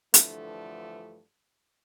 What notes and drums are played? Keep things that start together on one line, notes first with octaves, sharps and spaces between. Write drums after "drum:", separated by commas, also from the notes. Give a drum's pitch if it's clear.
G2 D3 E3 F3 A3, drum: hi-hat